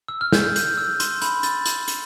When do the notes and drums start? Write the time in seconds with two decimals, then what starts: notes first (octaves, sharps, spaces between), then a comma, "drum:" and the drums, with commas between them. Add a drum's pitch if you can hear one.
0.08 E6
0.21 F6
0.33 G6, drum: snare
0.56 G6, drum: hi-hat
0.77 E6
1.00 C6, drum: hi-hat
1.22 B5, drum: hi-hat
1.43 A6, drum: hi-hat
1.66 drum: hi-hat
1.88 drum: hi-hat